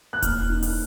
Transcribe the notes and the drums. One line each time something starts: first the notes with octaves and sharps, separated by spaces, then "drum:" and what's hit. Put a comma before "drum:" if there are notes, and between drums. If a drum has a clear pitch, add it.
F#6
A#3 F6, drum: kick E1, hi-hat
D#4
F#6, drum: open hi-hat